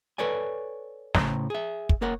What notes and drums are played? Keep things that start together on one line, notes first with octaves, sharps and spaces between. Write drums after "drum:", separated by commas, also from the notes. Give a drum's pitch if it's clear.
A4 B4 C#5 D5 G#5
A2 C#3 F#3 C5 A#5, drum: snare
G#4 E5
drum: kick
A#3 A#4 C#5 F#5